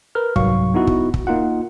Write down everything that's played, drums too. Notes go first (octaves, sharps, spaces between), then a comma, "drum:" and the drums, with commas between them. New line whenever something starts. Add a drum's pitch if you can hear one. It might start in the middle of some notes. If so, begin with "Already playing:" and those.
A#4 B4 F6
C2 G#2 F#3 F5 C#6, drum: kick
B3 D#4 E4 F#4
drum: kick
drum: kick
A#3 D#4 F4 F#5